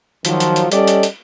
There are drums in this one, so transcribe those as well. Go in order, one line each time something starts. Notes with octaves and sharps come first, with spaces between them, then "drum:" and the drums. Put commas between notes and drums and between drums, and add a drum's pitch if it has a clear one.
D#3 F3 F#3, drum: hi-hat
drum: hi-hat
drum: hi-hat
G3 C#4 G4 A4 D5 D#5, drum: hi-hat
drum: hi-hat
drum: hi-hat